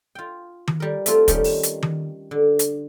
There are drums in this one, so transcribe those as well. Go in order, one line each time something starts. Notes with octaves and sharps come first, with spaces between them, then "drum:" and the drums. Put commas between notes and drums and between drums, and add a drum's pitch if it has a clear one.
F4 G5
drum: tom D#3
G3 A#4
A3 C4 F4, drum: hi-hat
D#3 G3 A3 C#4 D#4, drum: kick, hi-hat
drum: open hi-hat
drum: hi-hat
drum: tom D#3
D3
drum: hi-hat